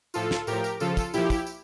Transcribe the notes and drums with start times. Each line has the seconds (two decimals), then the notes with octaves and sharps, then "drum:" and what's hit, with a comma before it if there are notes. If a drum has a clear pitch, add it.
0.14 A2 F3 F4 A4, drum: tambourine
0.31 drum: snare
0.47 A2 F3 G4 A#4, drum: tambourine
0.64 drum: tambourine
0.80 C#3 F3 F4 A4, drum: tambourine
0.97 drum: kick, tambourine
1.14 A#2 F3 E4 G4, drum: tambourine
1.30 drum: kick, tambourine
1.47 drum: tambourine